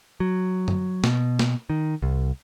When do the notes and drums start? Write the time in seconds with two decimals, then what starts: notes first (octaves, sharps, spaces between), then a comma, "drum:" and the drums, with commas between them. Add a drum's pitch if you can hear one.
0.20 F#3
0.68 drum: tom F#2
1.04 B2, drum: snare
1.39 drum: snare
1.70 D#3
2.03 C2